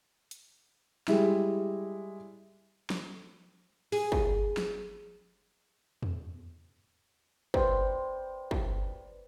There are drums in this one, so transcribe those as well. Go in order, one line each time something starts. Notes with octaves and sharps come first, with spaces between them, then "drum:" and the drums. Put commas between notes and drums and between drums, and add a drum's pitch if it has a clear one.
drum: hi-hat
G3 G#3 E4, drum: snare
drum: snare
G#4, drum: open hi-hat
drum: kick
drum: snare
drum: tom E2
B4 C5 D5 G5, drum: kick
drum: kick